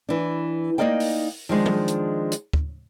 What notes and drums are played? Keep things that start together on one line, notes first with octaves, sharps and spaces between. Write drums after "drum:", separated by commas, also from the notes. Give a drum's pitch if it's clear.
E3 D4
A#3 D#4 D5 D#5 F5 G5
drum: open hi-hat
D#3 F3 G#3 D4
drum: tom
drum: hi-hat
drum: hi-hat
drum: kick